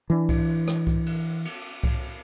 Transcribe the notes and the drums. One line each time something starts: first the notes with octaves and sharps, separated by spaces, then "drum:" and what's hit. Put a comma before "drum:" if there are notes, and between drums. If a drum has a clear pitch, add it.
E3 D4
drum: kick C2, cymbal
drum: rim click
drum: kick C2
drum: cymbal
drum: cymbal
drum: kick C2, cymbal